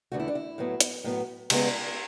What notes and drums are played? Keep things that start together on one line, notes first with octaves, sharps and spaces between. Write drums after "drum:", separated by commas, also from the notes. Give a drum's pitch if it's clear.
E2 D3 A3 F#4
E4
D4
E4
A2 F#3 B3
drum: hi-hat
A2 F#3 B3
C#3 G#3 B3, drum: cymbal